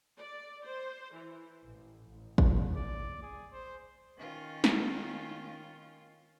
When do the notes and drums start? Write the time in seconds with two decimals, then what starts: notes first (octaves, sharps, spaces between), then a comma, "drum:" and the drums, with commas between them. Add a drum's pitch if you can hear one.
0.18 D5
0.65 C5
1.14 E3
1.63 A1
2.09 A1
2.38 drum: kick
2.76 D5
3.22 G#4
3.53 C5
4.18 D#3 C#4 F4
4.64 drum: snare